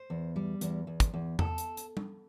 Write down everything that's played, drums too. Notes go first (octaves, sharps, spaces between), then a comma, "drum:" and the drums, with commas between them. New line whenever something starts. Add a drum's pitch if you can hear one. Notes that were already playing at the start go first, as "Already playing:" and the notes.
Already playing: C5
E2
G3
E2, drum: hi-hat
E2
drum: kick, hi-hat
E2
A4, drum: tom E2
drum: hi-hat
drum: hi-hat
drum: tom